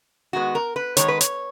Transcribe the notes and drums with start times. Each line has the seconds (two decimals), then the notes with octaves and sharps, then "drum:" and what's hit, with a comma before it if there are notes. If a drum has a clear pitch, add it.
0.33 D#3 G#3 B3 F#4
0.55 A#4
0.76 B4
0.97 D#3 G#3 B3 C#5, drum: hi-hat
1.08 B4
1.21 C#5, drum: hi-hat